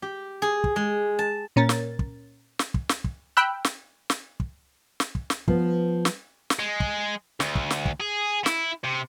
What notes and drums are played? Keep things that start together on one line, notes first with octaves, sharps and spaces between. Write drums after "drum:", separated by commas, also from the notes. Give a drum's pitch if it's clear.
G4
G#4
drum: kick
G#3
A5
A#2 C#4 A#4 A6
drum: snare
drum: kick
drum: snare
drum: kick
drum: snare
drum: kick
G5 B5 E6 F#6
drum: snare
drum: snare
drum: kick
drum: snare
drum: kick
drum: snare
F3 B3, drum: kick
drum: snare
drum: snare
G#3
drum: kick
D2, drum: snare
drum: kick
drum: snare
drum: kick
G#4
E4, drum: snare
C3